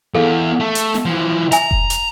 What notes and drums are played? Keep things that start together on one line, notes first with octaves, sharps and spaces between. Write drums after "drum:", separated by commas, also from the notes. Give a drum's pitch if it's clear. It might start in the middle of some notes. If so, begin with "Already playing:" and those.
E2 G#4 A4 F5
A3
drum: hi-hat
drum: snare
E3 F3
E5 G#5 A#5, drum: hi-hat
drum: kick F1
drum: hi-hat